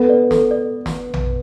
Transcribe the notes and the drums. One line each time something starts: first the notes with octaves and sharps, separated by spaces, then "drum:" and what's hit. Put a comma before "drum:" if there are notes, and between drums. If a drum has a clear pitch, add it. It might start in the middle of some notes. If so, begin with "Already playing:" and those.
Already playing: B3 A4
D5
A4, drum: snare
D5
drum: snare
drum: tom A#1